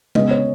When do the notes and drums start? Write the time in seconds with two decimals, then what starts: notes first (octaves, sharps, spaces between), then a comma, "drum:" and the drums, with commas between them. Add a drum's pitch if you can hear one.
0.15 C#3 G#3 B3 D#5, drum: tom G#3
0.31 C#5